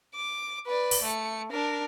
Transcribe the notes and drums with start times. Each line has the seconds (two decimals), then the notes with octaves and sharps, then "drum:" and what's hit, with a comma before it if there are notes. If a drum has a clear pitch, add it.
0.15 D6
0.67 B4 D5
0.91 drum: open hi-hat
1.03 A3 C#7
1.51 D4 A#4